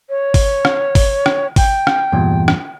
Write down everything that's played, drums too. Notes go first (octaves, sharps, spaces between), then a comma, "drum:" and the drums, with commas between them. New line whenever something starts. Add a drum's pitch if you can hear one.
C#5
drum: kick G#1, open hi-hat
drum: rim click
drum: kick G#1, open hi-hat
drum: rim click
G5, drum: kick G#1, open hi-hat
drum: rim click
E2 G2 A#2
drum: rim click